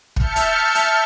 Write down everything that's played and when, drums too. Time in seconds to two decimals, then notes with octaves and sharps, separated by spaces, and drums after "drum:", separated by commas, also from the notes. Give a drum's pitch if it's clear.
0.16 E5 A5 F6 G6 C#7, drum: kick
0.36 drum: hi-hat
0.75 drum: hi-hat